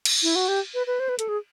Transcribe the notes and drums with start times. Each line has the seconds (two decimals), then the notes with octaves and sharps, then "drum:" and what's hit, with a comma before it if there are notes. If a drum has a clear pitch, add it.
0.05 drum: cymbal
0.23 E4
0.36 F#4
0.48 G4
0.74 B4
0.87 B4
1.00 C5
1.09 B4
1.19 A4, drum: hi-hat
1.29 G#4